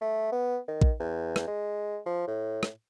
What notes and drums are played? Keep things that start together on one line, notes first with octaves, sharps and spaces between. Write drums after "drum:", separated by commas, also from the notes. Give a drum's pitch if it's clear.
A3
B3
D#3
drum: kick A#1
E2
drum: rim click
G#3
F3
A2
drum: rim click